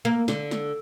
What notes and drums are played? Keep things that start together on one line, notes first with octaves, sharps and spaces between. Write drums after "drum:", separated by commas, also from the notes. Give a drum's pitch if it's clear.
A#3
D3, drum: snare
drum: snare